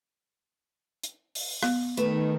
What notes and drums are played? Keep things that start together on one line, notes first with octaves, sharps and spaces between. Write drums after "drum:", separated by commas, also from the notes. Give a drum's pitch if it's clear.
drum: hi-hat
drum: open hi-hat
B3, drum: rim click
D#3 A3 B4, drum: hi-hat